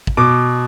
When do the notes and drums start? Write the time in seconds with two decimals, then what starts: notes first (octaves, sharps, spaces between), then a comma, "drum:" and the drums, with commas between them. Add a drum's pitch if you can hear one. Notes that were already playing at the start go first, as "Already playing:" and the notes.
0.07 drum: kick
0.17 B2 D6